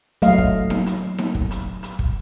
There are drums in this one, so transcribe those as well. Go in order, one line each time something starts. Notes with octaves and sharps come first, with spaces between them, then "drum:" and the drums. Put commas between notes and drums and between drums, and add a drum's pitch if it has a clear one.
F#3 A3 D#5 F5, drum: hi-hat
drum: kick
drum: snare D#4
drum: hi-hat
drum: snare D#4
drum: kick
drum: hi-hat
drum: hi-hat
drum: kick